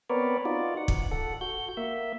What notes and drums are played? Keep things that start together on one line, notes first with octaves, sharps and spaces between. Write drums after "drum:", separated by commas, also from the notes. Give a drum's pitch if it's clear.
B3 C4 A#4 B4 C#5 D5
D#4 F4 F#4 D5
F#5
drum: kick
A4 F#5
F#4 G6
A#3 E5